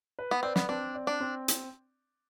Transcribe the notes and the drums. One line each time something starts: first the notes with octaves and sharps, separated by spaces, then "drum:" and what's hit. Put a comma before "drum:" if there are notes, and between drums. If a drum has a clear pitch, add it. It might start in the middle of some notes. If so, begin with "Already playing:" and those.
B4
B3
C4 D5
B3, drum: snare
C4 D4
D5
D4
C4
drum: hi-hat